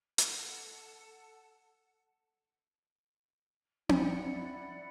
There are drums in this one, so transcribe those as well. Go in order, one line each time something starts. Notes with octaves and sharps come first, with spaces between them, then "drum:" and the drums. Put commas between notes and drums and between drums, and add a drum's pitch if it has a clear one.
A4 F#5 A5, drum: hi-hat
E4 D5 F#5 B5, drum: tom C4